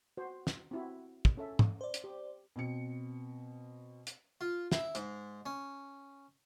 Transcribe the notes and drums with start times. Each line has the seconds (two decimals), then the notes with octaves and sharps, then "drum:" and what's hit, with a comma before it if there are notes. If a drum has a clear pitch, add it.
0.17 F#4 C5
0.47 drum: snare
0.71 C4 E4 F#4
1.25 drum: kick
1.37 C#4 A4 E5
1.59 drum: tom
1.81 C5 D5
1.94 drum: hi-hat
2.04 G4
2.56 B2 C4 C#7
4.07 drum: hi-hat
4.41 F4
4.72 E4, drum: snare
4.95 G#2, drum: hi-hat
5.46 C#4